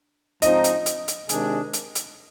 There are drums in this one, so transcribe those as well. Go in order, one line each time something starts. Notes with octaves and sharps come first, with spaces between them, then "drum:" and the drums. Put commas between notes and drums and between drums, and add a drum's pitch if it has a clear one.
G#2 F3 C4 D#4 D#5, drum: hi-hat
drum: hi-hat
drum: hi-hat
drum: hi-hat
C3 D#3 G#3 D4 G#4, drum: hi-hat
drum: hi-hat
drum: hi-hat